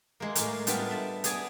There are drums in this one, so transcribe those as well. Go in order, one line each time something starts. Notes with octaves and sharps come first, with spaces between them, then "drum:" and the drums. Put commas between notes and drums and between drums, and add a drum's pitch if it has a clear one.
G#3 A#3
A2 A#3, drum: hi-hat
G3 B3 D4 F4, drum: hi-hat
E5 A5
B3 G#4 D5 G#5, drum: hi-hat